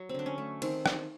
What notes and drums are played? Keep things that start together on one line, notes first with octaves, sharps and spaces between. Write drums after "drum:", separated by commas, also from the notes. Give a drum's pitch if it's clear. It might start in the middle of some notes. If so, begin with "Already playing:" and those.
Already playing: F#3
C4
D3 D4
C#4
A3
D#3 C4, drum: cymbal
drum: rim click